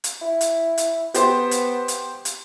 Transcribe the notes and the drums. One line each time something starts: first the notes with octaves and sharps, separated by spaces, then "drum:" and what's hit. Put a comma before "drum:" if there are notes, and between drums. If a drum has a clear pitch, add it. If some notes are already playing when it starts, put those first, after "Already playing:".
drum: hi-hat
E4
drum: hi-hat
drum: hi-hat
B3 G4 C5, drum: hi-hat
drum: hi-hat
drum: hi-hat
drum: hi-hat